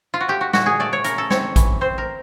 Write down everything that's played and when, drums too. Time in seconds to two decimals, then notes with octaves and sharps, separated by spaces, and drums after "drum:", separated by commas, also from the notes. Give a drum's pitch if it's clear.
0.14 F4
0.21 F#4
0.28 A3 G4
0.41 F#4
0.53 A#2 F#4, drum: snare
0.66 G#4
0.80 A3 D5
0.93 C#5
1.04 C#3 A#4, drum: hi-hat
1.18 A4
1.30 C4 C#5, drum: snare
1.56 E3, drum: kick A#1, hi-hat
1.81 C4 C5
1.98 A#4